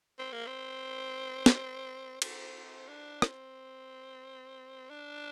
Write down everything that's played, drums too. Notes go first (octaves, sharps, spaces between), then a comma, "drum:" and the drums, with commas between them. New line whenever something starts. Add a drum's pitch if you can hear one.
C4
A#3
C4
drum: snare
C4, drum: cymbal
D4
C4, drum: rim click
D4